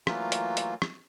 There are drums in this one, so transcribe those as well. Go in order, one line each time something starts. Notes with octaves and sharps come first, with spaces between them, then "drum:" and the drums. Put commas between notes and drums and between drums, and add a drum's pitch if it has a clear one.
E3 F#3 A3 A#3 F4, drum: rim click
drum: hi-hat
drum: hi-hat
drum: rim click